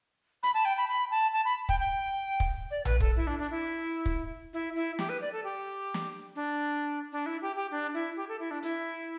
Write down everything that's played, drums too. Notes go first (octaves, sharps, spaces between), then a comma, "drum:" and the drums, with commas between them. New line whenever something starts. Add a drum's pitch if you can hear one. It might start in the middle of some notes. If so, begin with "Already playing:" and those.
B5, drum: hi-hat
A5
G5
B5
B5
A5
A5
B5
G5, drum: kick
G5
drum: kick
D5
B4, drum: tom A#1
A4, drum: kick
E4
D4
D4
E4
drum: kick
E4
E4
G4, drum: snare
B4
D5
A4
G4
drum: snare
D4
D4
E4
G4
G4
D4
E4
G4
A4
E4
D4
E4, drum: hi-hat